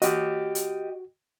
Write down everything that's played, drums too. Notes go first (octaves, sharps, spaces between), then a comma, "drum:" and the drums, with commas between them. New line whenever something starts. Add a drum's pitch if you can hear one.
F#4 G4 D#5, drum: hi-hat
drum: hi-hat